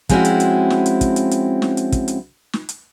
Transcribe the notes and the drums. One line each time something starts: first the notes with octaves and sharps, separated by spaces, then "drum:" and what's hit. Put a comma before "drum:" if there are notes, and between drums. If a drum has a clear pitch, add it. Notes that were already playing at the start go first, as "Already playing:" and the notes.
F3 G#3 C4 C#4 E4 F#4, drum: kick, hi-hat
drum: hi-hat
drum: hi-hat
drum: snare
drum: hi-hat
drum: kick, hi-hat
drum: hi-hat
drum: hi-hat
drum: snare
drum: hi-hat
drum: kick, hi-hat
drum: hi-hat
drum: snare
drum: hi-hat